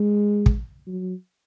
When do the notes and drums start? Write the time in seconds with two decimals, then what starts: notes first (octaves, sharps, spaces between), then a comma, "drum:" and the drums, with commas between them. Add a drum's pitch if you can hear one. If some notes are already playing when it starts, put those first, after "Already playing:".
Already playing: G#3
0.46 drum: kick
0.87 F#3